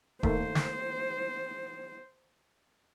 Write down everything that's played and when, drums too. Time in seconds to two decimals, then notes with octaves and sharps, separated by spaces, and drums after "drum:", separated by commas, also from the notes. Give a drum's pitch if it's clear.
0.23 D#3 A3 A#3 C5, drum: kick D#1
0.55 drum: snare